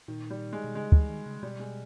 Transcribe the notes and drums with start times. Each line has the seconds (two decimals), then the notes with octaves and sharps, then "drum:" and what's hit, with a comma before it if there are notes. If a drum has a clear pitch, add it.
0.08 A#2 D#3
0.31 G3
0.53 G#3
0.64 B2
0.75 C#3 G#3
0.92 E3, drum: kick
1.09 D#3
1.26 C#3
1.43 B2 G3
1.60 G#3